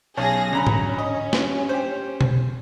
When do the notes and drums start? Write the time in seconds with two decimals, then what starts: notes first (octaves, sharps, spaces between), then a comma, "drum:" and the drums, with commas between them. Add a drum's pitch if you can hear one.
0.17 B1 C#4 G#4 A5 A#6
0.53 D2 C#4 A#5 B5
0.67 drum: tom G#2
0.98 D#5
1.33 G2, drum: snare
1.69 G4 C5
2.21 drum: tom B2